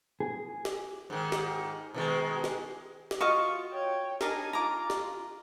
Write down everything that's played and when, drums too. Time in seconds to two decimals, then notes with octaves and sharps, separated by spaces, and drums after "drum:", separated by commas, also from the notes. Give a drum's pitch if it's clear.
0.20 G#4
0.65 drum: snare
1.10 G#2 D#3
1.32 drum: snare
1.94 B2 D#3 G#3
2.44 drum: snare
3.11 drum: snare
3.21 F4 F#4 D#5 F5 C#6
3.71 C#5 G5
4.21 D4 D#4 A#4 G#5, drum: snare
4.53 F4 A#5 D6
4.90 drum: snare